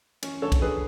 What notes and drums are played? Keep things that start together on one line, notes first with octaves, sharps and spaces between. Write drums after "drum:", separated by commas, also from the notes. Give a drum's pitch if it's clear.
C#4, drum: cymbal
D3 A4 C#5
drum: kick, cymbal
D3 G#4 B4